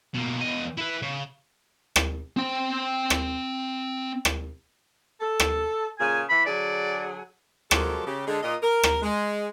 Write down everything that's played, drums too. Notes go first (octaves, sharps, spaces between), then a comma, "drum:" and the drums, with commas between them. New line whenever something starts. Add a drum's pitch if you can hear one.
B2 A#3
E2 D#5
E4 B4
C#3
drum: rim click
C4 G5
drum: rim click
drum: rim click
A4
drum: rim click
A#2 C#3 G#4 G#5
E3 B5
D3 F#3 G#4 D5
F3 F#3 G#3 G4 A4 A#4, drum: rim click
C#3 G4
D3 G#3 G#4
A#2 D#5
A#4
drum: rim click
G#3